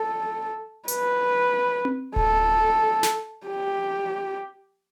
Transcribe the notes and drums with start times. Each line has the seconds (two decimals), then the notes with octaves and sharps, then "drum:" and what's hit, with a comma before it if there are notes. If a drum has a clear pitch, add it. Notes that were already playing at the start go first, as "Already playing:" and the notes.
Already playing: A4
0.88 B4, drum: hi-hat
1.85 drum: tom C4
2.16 A4, drum: kick D1
3.03 drum: snare
3.46 G4